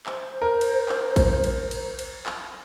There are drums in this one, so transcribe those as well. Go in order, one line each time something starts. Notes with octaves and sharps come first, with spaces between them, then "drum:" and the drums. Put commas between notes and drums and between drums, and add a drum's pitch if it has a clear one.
C5, drum: clap
A#4
drum: cymbal
drum: clap
drum: kick, cymbal
drum: cymbal
drum: cymbal
drum: cymbal
drum: clap